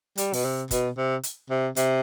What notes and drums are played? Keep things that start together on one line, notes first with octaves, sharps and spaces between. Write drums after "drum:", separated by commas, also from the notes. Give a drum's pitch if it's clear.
G3, drum: hi-hat
B2, drum: open hi-hat
C3
B2, drum: kick, hi-hat
C3
drum: hi-hat
C3
C3, drum: hi-hat